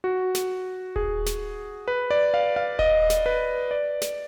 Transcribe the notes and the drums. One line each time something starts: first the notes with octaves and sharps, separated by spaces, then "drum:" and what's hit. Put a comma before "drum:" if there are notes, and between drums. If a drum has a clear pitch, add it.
F#4
drum: snare
G#4, drum: kick D#1
drum: snare
B4
D5
F5
F5
D#5, drum: kick D#1
drum: snare
B4
D5
drum: snare